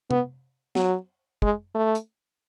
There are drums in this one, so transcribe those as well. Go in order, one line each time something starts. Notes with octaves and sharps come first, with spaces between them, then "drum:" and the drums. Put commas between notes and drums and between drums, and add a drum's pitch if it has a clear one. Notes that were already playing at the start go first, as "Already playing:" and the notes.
B3, drum: tom
F#3, drum: snare
G#3, drum: kick
A3
drum: hi-hat